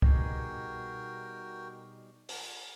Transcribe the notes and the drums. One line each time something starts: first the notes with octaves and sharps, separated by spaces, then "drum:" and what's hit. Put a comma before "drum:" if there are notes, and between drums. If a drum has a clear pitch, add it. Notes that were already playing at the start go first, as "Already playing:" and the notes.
B2 G3 D#4 F#4 G#4 A#4 G5, drum: kick C2
drum: open hi-hat